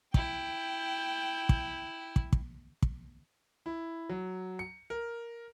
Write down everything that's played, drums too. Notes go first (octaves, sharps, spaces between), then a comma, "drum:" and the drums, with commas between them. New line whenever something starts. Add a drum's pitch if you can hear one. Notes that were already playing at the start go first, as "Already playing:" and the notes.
E4 G5, drum: kick
drum: kick
drum: kick
drum: kick
drum: kick
E4
F#3
C#7
A#4